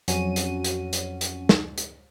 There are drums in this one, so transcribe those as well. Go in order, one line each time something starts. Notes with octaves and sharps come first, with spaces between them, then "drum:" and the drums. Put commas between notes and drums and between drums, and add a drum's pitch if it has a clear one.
F2 F#3 C#4 F#4 D#7, drum: hi-hat
drum: hi-hat
drum: hi-hat
drum: hi-hat
drum: hi-hat
drum: snare
drum: hi-hat